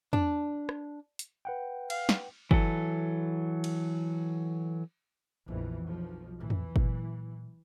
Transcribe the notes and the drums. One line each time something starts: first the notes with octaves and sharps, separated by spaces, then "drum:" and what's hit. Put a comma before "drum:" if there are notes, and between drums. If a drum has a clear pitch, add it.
D4, drum: tom
drum: rim click
drum: hi-hat
B4 F#5 G5
F5, drum: cymbal
drum: snare
E3 F#3 A4, drum: kick G1
drum: cymbal
A#1 F2 E3 B3
B1 F3
A2 E3
drum: tom
A#2 F#3, drum: kick G1